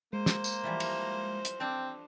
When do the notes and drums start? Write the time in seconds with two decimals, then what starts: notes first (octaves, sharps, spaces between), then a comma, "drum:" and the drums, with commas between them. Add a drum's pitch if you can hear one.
0.13 G#3 A#3 C5
0.26 drum: snare
0.44 drum: tambourine
0.63 E3 F3 G3
0.80 drum: cymbal
1.45 drum: hi-hat
1.60 C4 D4 A4 D5